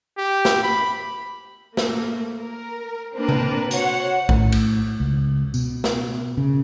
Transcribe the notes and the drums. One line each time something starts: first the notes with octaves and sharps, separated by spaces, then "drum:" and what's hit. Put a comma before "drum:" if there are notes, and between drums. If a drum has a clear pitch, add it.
G4
drum: snare
B5
A3 A#3, drum: snare
A#4
A#3 C4 D4 A#4 B4
drum: tom C3
F#4 C5 C#5 F#5, drum: hi-hat
A2, drum: kick A#1
drum: cymbal
C#2
B2, drum: tambourine
drum: snare
C#3